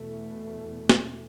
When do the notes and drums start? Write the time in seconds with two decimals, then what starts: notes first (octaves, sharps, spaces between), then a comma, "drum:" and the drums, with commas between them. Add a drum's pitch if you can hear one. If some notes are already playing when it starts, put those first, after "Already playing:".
Already playing: E2 B2 A3
0.89 drum: snare